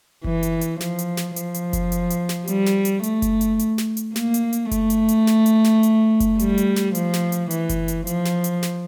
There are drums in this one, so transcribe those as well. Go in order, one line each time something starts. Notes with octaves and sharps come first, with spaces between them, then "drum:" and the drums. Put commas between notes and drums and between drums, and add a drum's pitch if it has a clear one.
E3, drum: kick F#1
drum: hi-hat
drum: hi-hat
F3, drum: snare
drum: hi-hat
drum: snare
F3, drum: hi-hat
drum: hi-hat
drum: kick F#1, hi-hat
drum: hi-hat
drum: hi-hat
drum: snare
G3, drum: hi-hat
drum: snare
drum: hi-hat
A3, drum: hi-hat
drum: kick F#1, hi-hat
drum: hi-hat
drum: hi-hat
drum: snare
drum: hi-hat
A#3, drum: snare
drum: hi-hat
drum: hi-hat
A3, drum: kick F#1, hi-hat
drum: hi-hat
drum: hi-hat
drum: snare
drum: hi-hat
drum: snare
drum: hi-hat
drum: kick F#1, hi-hat
G3, drum: hi-hat
drum: hi-hat
drum: snare
F3, drum: hi-hat
drum: snare
drum: hi-hat
E3, drum: hi-hat
drum: kick F#1, hi-hat
drum: hi-hat
F3, drum: hi-hat
drum: snare
drum: hi-hat
drum: snare